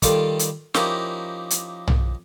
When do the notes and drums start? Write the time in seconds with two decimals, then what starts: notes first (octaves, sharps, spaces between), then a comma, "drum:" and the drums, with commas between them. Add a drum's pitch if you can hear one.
0.02 D#3 G3 F4 A4 D6, drum: kick, hi-hat
0.39 drum: hi-hat
0.74 F3 A#3 C#4 D#4 E4 G4, drum: snare
1.50 drum: hi-hat
1.88 drum: tom